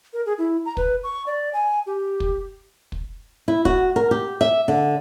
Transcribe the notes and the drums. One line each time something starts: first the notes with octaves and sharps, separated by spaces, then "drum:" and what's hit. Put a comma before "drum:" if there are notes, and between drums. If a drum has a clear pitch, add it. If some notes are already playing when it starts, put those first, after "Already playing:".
A#4
G#4
E4
A#5
B4, drum: kick
C#6
D5
G#5
G4
drum: kick
drum: kick
E4
F#4, drum: kick
A#4
G4
E5
D3